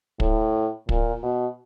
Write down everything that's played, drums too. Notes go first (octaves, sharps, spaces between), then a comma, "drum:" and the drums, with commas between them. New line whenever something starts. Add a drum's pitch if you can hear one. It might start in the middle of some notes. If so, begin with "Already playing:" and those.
A2, drum: kick
A#2, drum: kick
B2